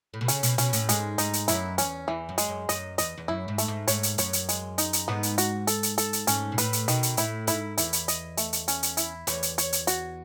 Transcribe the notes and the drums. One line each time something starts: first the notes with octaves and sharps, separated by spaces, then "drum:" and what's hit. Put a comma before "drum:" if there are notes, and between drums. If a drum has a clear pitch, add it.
A2
B2
C#3 C#4, drum: hi-hat
B2, drum: hi-hat
B2 C#4, drum: hi-hat
A2, drum: hi-hat
G#2 G#3, drum: hi-hat
G#2 D#4, drum: hi-hat
drum: hi-hat
F#2 E4, drum: hi-hat
E2 C#4, drum: hi-hat
E2 E3
F#2
G#3, drum: hi-hat
F#2
F#2 D#5, drum: hi-hat
E2 D#5, drum: hi-hat
E2
F#2 E4
G#2
A3, drum: hi-hat
G#2
G#2 C#5, drum: hi-hat
drum: hi-hat
F#2 C#5, drum: hi-hat
drum: hi-hat
G#3, drum: hi-hat
D#4, drum: hi-hat
drum: hi-hat
G#2 B3
drum: hi-hat
F#4, drum: hi-hat
A4, drum: hi-hat
drum: hi-hat
A4, drum: hi-hat
drum: hi-hat
G#2 C#4, drum: hi-hat
B2
A2 B4, drum: hi-hat
drum: hi-hat
B2 D#3, drum: hi-hat
drum: hi-hat
A2 E4, drum: hi-hat
G#2 E4, drum: hi-hat
E2 E4, drum: hi-hat
drum: hi-hat
D#5, drum: hi-hat
A3, drum: hi-hat
drum: hi-hat
C#4, drum: hi-hat
drum: hi-hat
E4, drum: hi-hat
E2 C#5, drum: hi-hat
drum: hi-hat
C#5, drum: hi-hat
drum: hi-hat
F#4, drum: hi-hat